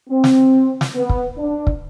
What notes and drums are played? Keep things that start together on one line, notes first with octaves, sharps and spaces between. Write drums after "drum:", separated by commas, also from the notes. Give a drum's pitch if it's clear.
C4
drum: snare
drum: snare
B3
drum: kick
D4
drum: kick